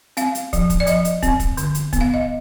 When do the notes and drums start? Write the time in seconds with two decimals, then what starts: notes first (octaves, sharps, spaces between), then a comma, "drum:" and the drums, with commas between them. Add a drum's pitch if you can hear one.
0.17 C4 F5, drum: hi-hat
0.35 drum: hi-hat
0.53 F3, drum: kick, hi-hat
0.70 drum: kick, hi-hat
0.80 D5
0.87 F3 D#5, drum: hi-hat
1.05 drum: hi-hat
1.23 C4, drum: kick, hi-hat
1.40 drum: kick, hi-hat
1.57 D3, drum: hi-hat
1.75 drum: hi-hat
1.93 B3, drum: kick, hi-hat
2.01 F5
2.14 D#5